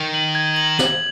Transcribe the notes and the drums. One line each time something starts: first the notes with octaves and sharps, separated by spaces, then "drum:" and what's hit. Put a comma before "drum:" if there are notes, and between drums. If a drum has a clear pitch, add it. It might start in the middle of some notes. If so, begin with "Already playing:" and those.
Already playing: D#3
F#7
G#6
F#7
F#7, drum: snare